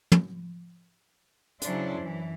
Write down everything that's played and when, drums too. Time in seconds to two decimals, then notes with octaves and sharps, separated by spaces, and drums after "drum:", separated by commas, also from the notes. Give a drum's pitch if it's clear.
0.12 drum: tom
1.62 C#3 F#3 C#4 D4 E4 C5, drum: hi-hat
1.97 F#2 E3